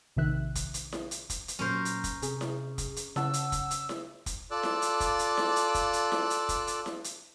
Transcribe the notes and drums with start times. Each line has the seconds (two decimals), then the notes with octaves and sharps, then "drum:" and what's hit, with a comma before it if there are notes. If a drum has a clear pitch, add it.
0.16 A#1 C3 D#3 E5 F#6
0.55 drum: kick, hi-hat
0.74 drum: hi-hat
0.92 drum: snare E4
1.11 drum: hi-hat
1.30 drum: kick, hi-hat
1.48 drum: hi-hat
1.59 A#2 F#3 C#4 A#4 C5
1.85 drum: hi-hat
2.04 drum: kick, hi-hat
2.22 C3 G#4, drum: hi-hat
2.41 drum: snare E4
2.78 drum: kick, hi-hat
2.96 drum: hi-hat
3.16 C#3 F#5 A5 E6, drum: snare E4
3.34 drum: hi-hat
3.52 drum: kick, hi-hat
3.71 drum: hi-hat
3.89 drum: snare E4
4.26 drum: kick, hi-hat
4.51 F4 A4 D5 D6 E6 F#6
4.63 drum: snare E4
4.82 drum: hi-hat
5.00 drum: kick, hi-hat
5.19 drum: hi-hat
5.37 drum: snare E4
5.56 drum: hi-hat
5.75 drum: kick, hi-hat
5.93 drum: hi-hat
6.12 drum: snare E4
6.30 drum: hi-hat
6.49 drum: kick, hi-hat
6.67 drum: hi-hat
6.86 drum: snare E4
7.04 drum: hi-hat